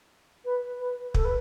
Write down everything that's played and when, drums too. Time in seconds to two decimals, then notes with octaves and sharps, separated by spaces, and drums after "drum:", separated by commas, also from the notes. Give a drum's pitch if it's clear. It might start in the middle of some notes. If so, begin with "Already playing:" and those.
0.45 B4
0.80 B4
1.14 A4, drum: kick
1.24 B4